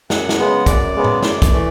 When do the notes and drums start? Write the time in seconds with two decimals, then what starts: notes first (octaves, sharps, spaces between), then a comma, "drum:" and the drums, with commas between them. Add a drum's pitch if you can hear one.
0.10 F#2 F#5, drum: snare
0.29 drum: snare
0.39 C#3 G#3 B3
0.66 F#2 D5, drum: kick, hi-hat
0.95 C#3 G#3 B3
1.04 drum: tom
1.23 F#2 D5, drum: snare
1.42 drum: kick, hi-hat
1.52 E3 A3